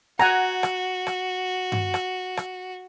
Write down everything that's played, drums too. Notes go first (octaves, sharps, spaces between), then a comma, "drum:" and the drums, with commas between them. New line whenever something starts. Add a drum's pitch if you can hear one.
F#4 F#5 G#5 A#5, drum: rim click
drum: rim click
drum: rim click
drum: tom G2
drum: rim click
drum: rim click